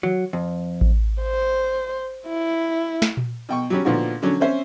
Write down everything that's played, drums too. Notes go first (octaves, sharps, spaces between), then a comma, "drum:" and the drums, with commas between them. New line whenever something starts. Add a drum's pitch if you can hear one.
F#3, drum: tom D#3
F2
drum: kick A1
C5
E4
drum: snare
drum: tom A#2
B2 G5 C#6
F#3 G3 C#4
A#2 D3 F3 B3 D#4 F#4
D3 F#3 C#4 D4
C4 C#4 C5 E5